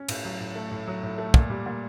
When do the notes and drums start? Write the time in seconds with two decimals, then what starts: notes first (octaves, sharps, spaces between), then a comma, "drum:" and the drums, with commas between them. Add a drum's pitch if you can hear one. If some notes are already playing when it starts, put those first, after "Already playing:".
Already playing: C#4
0.09 A2, drum: cymbal
0.25 F#3
0.40 A2
0.55 A3
0.71 A2
0.88 F#3
1.03 A2
1.18 A3
1.34 A#2, drum: kick
1.50 G3
1.66 A#2